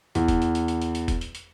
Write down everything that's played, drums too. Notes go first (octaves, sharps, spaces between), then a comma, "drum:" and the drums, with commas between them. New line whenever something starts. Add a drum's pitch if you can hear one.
E2, drum: hi-hat
drum: kick, hi-hat
drum: hi-hat
drum: hi-hat
drum: hi-hat
drum: hi-hat
drum: hi-hat
drum: kick, hi-hat
drum: hi-hat
drum: hi-hat